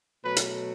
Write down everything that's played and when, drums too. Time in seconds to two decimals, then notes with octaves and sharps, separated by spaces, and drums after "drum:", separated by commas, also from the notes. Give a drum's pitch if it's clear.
0.23 B2 F#3 A3 B4
0.36 drum: hi-hat